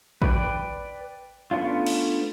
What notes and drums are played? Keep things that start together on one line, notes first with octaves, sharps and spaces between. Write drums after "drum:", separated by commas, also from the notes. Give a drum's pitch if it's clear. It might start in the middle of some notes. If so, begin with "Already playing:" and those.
B4 D5 G5, drum: kick A1
A3 B3 C#4 D4 F4
drum: cymbal